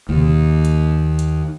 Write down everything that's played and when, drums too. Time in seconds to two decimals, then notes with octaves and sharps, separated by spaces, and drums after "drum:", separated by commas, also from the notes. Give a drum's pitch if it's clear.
0.09 D#2, drum: tom B2
0.65 drum: hi-hat
1.19 drum: hi-hat